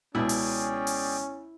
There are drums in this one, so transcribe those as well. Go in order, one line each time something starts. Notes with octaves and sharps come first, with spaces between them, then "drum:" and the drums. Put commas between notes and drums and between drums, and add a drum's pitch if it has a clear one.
C#2 B2 C#4 E4 G#4 D5 G5
drum: open hi-hat
drum: open hi-hat